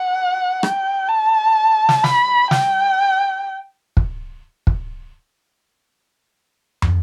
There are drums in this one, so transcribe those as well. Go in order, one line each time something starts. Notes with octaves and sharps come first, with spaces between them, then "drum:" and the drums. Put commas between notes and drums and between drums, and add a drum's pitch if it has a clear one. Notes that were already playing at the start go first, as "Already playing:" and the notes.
Already playing: F#5
G5, drum: rim click
A5
drum: snare
B5, drum: snare
G5, drum: snare
drum: kick
drum: kick
drum: tom